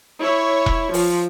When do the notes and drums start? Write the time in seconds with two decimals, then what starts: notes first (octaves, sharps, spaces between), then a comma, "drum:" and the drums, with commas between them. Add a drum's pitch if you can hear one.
0.21 E4 C#5
0.66 drum: kick E1
0.94 F3, drum: open hi-hat